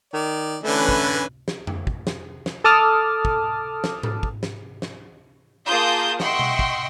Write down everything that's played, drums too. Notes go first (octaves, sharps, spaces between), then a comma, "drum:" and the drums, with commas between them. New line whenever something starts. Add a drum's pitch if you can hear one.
D#3 D5
D3 E3 A3 C#4 D4 B4 G#5
drum: kick
drum: snare
drum: tom F2
drum: kick
drum: snare
drum: snare
A4 A5 D6 D#6 F6
drum: kick
drum: snare
drum: tom G#2
drum: kick
drum: snare
drum: snare
A#3 F4 G#4 A5 D#6 G6
D#5 E5 F#5 G5 C6 C#6, drum: snare
drum: tom B2
drum: kick